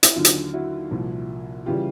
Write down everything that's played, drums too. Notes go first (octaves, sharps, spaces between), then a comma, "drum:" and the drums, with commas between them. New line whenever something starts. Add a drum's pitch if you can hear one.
E4, drum: hi-hat
D#2 D3 F#3 F4
drum: hi-hat
E4 F#4
C2 A#2 F3
C#3 E3 G3 F4 G4